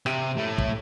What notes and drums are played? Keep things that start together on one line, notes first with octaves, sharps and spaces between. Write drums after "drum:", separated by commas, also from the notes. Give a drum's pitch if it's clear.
C3, drum: rim click
A2 A3
drum: kick